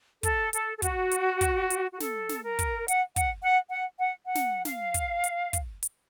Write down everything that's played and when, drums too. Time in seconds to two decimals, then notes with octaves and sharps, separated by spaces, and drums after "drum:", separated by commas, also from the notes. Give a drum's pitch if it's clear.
0.23 A4, drum: kick, hi-hat
0.53 A4, drum: hi-hat
0.78 A4
0.82 F#4, drum: kick, hi-hat
1.11 drum: hi-hat
1.41 drum: kick, hi-hat
1.70 drum: hi-hat
1.92 F#4
2.00 A4, drum: snare
2.29 drum: snare
2.44 A#4
2.59 drum: kick, hi-hat
2.88 F#5, drum: hi-hat
3.16 F#5, drum: kick, hi-hat
3.43 F#5
3.71 F#5
3.98 F#5
4.26 F#5
4.35 drum: snare
4.65 F5, drum: snare
4.94 drum: kick, hi-hat
5.24 drum: hi-hat
5.53 drum: kick, hi-hat
5.83 drum: hi-hat